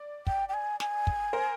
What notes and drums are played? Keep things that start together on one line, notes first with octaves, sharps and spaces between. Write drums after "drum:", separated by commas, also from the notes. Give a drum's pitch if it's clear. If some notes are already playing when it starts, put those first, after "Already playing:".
Already playing: D5
G5, drum: kick
G5
G#5
G#5, drum: snare
drum: kick
A#4 C5